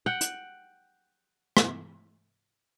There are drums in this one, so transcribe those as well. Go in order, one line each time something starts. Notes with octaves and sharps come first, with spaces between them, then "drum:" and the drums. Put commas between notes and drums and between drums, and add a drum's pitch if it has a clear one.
F#5 G5
drum: hi-hat
drum: rim click